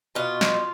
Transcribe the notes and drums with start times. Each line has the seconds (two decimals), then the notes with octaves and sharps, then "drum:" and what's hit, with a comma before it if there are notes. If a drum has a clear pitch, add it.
0.15 B2 F4
0.41 drum: snare